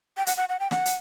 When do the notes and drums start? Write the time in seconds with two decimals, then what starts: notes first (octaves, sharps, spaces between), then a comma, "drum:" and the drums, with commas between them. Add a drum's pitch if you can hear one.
0.17 G5
0.27 F#5, drum: hi-hat
0.37 F#5
0.49 F#5
0.60 G5
0.71 F#5, drum: snare
0.86 drum: hi-hat